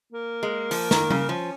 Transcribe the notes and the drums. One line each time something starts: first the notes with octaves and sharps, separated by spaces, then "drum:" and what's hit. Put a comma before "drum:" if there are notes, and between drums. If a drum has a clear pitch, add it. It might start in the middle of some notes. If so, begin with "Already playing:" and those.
A#3
G#3
F3, drum: open hi-hat
D#3, drum: snare
C#3, drum: tom
F3 C#4